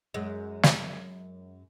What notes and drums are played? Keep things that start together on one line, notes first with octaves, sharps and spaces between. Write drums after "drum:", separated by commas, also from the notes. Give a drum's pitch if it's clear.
F#2 G#3
drum: snare